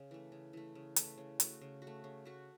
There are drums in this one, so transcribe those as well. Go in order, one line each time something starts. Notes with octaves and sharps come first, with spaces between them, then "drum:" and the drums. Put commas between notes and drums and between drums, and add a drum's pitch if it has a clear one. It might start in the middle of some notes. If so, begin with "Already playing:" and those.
Already playing: C#3
E3 A3
C#3
E3 A3
C#3
E3 A3, drum: hi-hat
C#3
A3 F#4, drum: hi-hat
C#3
F#4
A3
C#3
A3 F#4